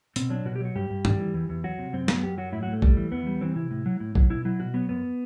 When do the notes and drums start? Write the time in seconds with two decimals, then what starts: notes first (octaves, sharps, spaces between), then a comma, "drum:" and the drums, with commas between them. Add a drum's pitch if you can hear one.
0.16 B2 C4, drum: hi-hat
0.30 F#3 D4
0.45 B2 F#4
0.56 G4
0.60 F#3 F#4
0.75 G2 G4
0.90 G2
1.05 G3, drum: tom G2
1.20 E3
1.34 E2
1.49 E2
1.64 F#3 F#4
1.79 C3
1.93 F#2 C4
2.08 F#3 B3, drum: snare
2.23 F#2 G4
2.38 F#3 F#4
2.52 A2 E4
2.63 A2 F#4
2.72 A3
2.82 G3, drum: kick A#1
2.97 E3
3.12 E2 B3
3.27 G3
3.41 E3 C4
3.56 C3 E4
3.71 A2
3.86 F#3
4.00 A2
4.15 F#3, drum: kick A#1
4.30 B2 E4
4.45 F#3 E4
4.59 B2 F#4
4.74 F#3 B3
4.89 F#2 B3